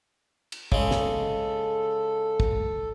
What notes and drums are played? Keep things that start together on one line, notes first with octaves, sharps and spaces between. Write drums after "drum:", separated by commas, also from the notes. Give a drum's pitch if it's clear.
drum: cymbal
C#3 G#3 A4, drum: kick
drum: snare
drum: kick